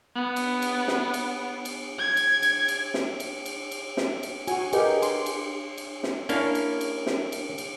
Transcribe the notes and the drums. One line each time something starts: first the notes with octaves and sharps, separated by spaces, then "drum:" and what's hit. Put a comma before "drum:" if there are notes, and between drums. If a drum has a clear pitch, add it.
B3
drum: cymbal
drum: cymbal
drum: snare
drum: cymbal
drum: cymbal
G#6
drum: cymbal
drum: cymbal
drum: cymbal
drum: snare
drum: cymbal
drum: cymbal
drum: cymbal
drum: snare
drum: cymbal
F#4 G#5, drum: cymbal
G4 G#4 A#4 B4 D#5 G5, drum: cymbal
C6, drum: cymbal
drum: cymbal
drum: cymbal
drum: snare
A#3 C#4 D4 E4 F5, drum: cymbal
drum: cymbal
drum: cymbal
drum: snare
drum: cymbal
drum: cymbal